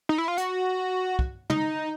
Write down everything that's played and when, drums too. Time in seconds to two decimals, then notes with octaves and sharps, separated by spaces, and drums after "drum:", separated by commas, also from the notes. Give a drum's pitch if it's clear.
0.09 D#4
0.18 E4
0.28 F4
0.37 F#4, drum: hi-hat
1.19 drum: kick
1.50 D#4, drum: tom